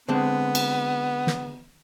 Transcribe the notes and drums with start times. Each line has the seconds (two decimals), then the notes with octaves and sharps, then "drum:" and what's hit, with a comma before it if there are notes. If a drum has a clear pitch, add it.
0.08 D3 G#3 B3 C4
0.55 drum: cymbal
1.27 drum: snare